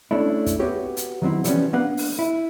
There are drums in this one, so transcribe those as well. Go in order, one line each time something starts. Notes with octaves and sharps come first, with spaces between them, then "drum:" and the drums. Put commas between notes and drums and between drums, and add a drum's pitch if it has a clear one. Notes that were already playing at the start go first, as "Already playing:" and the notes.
A3 C#4 D4 E4
drum: kick, hi-hat
B3 C4 F#4 G4 C#5
drum: hi-hat
D#3 F#3 C4 E4
D3 E3 F3 G3 B3 C#4, drum: hi-hat
A#3 B3 D4 B4 F5 F#5
drum: open hi-hat
E4